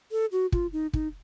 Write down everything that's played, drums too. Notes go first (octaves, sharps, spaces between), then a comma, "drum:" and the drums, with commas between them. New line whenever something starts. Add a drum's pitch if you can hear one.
A4
F#4
F4, drum: kick
D#4
D#4, drum: kick